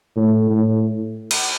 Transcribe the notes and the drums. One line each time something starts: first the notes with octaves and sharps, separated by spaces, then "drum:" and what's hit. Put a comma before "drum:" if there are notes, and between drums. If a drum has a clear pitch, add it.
A2
A2
drum: cymbal